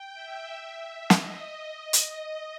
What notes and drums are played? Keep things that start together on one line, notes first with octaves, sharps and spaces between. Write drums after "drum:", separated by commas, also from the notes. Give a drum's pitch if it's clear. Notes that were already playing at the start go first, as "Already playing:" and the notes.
Already playing: G5
E5
D#5, drum: snare
drum: hi-hat